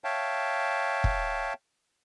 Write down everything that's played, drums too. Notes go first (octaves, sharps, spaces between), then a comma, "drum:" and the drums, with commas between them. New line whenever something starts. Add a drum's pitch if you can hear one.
C#5 E5 F5 G5 A5
drum: kick